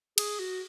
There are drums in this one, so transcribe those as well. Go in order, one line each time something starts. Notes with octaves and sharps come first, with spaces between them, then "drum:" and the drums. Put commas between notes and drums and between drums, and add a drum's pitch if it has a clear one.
G#4, drum: cymbal
F#4